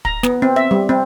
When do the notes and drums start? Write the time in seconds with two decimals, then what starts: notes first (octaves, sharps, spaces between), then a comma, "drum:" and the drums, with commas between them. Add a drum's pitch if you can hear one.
0.05 A#5, drum: kick
0.23 B3, drum: snare
0.42 C4
0.56 E5
0.71 G3
0.89 C4